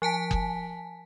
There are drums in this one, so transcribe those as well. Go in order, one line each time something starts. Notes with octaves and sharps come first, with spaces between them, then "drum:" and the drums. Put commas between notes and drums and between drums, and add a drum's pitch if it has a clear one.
F3 G#5 A5 B6
drum: kick F#1